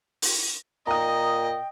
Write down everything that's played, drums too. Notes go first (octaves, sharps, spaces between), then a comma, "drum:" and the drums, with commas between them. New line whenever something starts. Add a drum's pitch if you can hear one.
drum: open hi-hat
A#2 D#5 G5 A#5 D#6